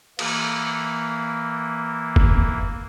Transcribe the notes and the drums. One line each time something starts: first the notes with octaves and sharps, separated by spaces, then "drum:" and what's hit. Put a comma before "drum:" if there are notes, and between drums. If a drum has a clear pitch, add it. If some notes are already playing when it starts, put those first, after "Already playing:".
E3 A#3, drum: cymbal
drum: kick F1